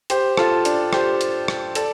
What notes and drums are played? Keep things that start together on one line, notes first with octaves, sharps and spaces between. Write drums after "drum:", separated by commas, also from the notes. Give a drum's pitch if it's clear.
G4 C5, drum: hi-hat
F4 A4, drum: rim click
D4, drum: hi-hat
G4 C5, drum: rim click
drum: hi-hat
drum: rim click
A4 D5, drum: hi-hat